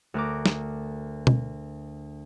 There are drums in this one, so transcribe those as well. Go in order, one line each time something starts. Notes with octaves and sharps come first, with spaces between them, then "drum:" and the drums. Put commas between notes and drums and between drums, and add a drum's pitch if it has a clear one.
D2 A#4 D6
drum: snare
drum: tom B2